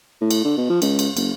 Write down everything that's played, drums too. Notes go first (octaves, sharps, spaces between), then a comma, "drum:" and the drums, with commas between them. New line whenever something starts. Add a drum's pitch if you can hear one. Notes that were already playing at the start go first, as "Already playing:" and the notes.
A2
drum: cymbal
D3
B2
F3
C#2, drum: cymbal
drum: cymbal
F#1, drum: cymbal